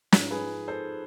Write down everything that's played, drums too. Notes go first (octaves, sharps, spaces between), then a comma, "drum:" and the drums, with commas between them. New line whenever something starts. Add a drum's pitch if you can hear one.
G#2 F3, drum: snare
G#4 B4
A4 C5